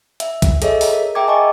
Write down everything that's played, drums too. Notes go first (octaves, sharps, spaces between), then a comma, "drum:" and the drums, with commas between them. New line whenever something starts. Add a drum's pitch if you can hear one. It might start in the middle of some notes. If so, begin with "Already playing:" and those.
E5, drum: hi-hat
drum: kick, hi-hat
G#4 A4 C#5 D#5 E5, drum: hi-hat
drum: open hi-hat
A#4
G#4 E5 G5 A#5 D6 G#6
D#5 E5 G#5 A5 C#6 D6